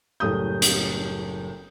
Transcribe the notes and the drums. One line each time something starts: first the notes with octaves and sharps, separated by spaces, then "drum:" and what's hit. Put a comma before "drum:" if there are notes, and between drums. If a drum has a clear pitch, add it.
F#1 A2 G3 D#6 G6
drum: hi-hat